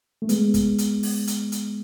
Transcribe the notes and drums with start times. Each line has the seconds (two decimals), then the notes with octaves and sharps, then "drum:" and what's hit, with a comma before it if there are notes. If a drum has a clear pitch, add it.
0.22 A3
0.29 G#3 B3, drum: hi-hat
0.54 drum: kick, hi-hat
0.78 drum: hi-hat
1.03 drum: open hi-hat
1.27 drum: hi-hat
1.52 drum: hi-hat